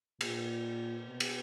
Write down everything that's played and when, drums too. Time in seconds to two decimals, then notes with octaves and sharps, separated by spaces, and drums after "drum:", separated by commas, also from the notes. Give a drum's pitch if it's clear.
0.21 A#2, drum: cymbal
1.06 B2
1.20 drum: cymbal